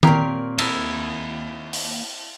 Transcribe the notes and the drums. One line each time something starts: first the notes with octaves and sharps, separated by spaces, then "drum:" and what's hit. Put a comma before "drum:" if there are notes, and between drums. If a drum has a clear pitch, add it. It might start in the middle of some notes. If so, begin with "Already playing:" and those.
A#2 C4 G4 A#4 C#5 C6, drum: tom D#3
A#3 E4 D#5 A5 A#5, drum: cymbal
drum: open hi-hat